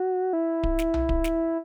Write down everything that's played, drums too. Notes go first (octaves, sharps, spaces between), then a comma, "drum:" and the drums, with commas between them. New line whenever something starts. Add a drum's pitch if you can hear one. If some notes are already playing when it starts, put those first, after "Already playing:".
Already playing: F#4
E4
drum: kick D1
drum: snare
drum: tom B1
drum: kick D1
drum: snare